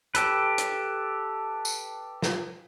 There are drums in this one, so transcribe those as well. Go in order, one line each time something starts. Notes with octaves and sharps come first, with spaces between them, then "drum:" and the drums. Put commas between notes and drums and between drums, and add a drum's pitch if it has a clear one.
G4 A4 B4, drum: hi-hat
drum: hi-hat
drum: tambourine
drum: snare